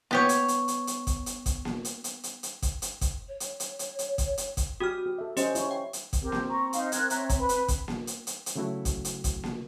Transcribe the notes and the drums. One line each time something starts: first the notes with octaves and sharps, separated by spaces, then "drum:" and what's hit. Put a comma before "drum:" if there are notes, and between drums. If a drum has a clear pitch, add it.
B3 G4 C#5, drum: snare A#3
drum: hi-hat
drum: hi-hat
drum: hi-hat
drum: hi-hat
drum: kick, hi-hat
drum: hi-hat
drum: kick, hi-hat
drum: snare A#3
drum: hi-hat
drum: hi-hat
drum: hi-hat
drum: hi-hat
drum: kick, hi-hat
drum: hi-hat
drum: kick, hi-hat
C#5
drum: hi-hat
drum: hi-hat
drum: hi-hat
drum: hi-hat
drum: kick, hi-hat
drum: hi-hat
drum: kick, hi-hat
F#4 G4 D#6 F6
G4
A4 E5
C#4 G4 C5 D#5, drum: hi-hat
E4 C#5, drum: hi-hat
G5
drum: hi-hat
drum: kick, hi-hat
C4 G4 A#4
drum: snare A#3
A#5 C#6
D#4 F5, drum: hi-hat
A#4 F#6 G#6, drum: hi-hat
C#5 E5 A#5, drum: hi-hat
drum: kick, hi-hat
B4 B5
drum: hi-hat
drum: kick, hi-hat
drum: snare A#3
drum: hi-hat
drum: hi-hat
drum: hi-hat
C#3 F#3 A3 E4 F#4
drum: kick, hi-hat
drum: hi-hat
drum: kick, hi-hat
drum: snare A#3